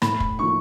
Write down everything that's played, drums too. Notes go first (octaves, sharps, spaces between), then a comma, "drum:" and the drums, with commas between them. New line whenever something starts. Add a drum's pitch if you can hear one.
A2 B5, drum: rim click
drum: kick
F3 A#3 D#4 C#6